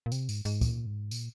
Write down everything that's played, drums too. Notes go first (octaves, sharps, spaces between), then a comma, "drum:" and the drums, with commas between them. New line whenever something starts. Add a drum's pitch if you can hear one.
A#2
C3, drum: tambourine
G#2, drum: tambourine
G#2, drum: tambourine
A#2, drum: kick, tambourine
G#2
A#2, drum: tambourine